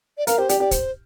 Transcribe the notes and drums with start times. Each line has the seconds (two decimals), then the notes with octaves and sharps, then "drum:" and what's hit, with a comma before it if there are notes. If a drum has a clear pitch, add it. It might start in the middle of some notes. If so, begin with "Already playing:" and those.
0.18 D5
0.27 A#4 F5, drum: hi-hat
0.38 G4 C5
0.49 G4 D5, drum: hi-hat
0.60 G4 D5
0.71 C5, drum: kick, hi-hat